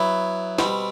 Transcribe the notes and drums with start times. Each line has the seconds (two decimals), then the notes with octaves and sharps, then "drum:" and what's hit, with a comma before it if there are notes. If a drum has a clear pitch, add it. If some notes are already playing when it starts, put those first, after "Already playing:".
Already playing: F#3 B3 E4
0.59 B2 G3 C4, drum: snare